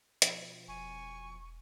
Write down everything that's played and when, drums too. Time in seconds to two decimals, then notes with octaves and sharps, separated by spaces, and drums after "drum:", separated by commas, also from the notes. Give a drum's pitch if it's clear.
0.22 B2 F3, drum: hi-hat
0.68 E1 G#5 C#6